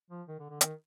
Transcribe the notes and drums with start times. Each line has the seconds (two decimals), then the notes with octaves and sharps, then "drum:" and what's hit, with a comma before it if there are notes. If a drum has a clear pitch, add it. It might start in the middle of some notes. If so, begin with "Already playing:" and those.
0.10 F3
0.28 D#3
0.39 D3
0.50 D3
0.61 D#3, drum: hi-hat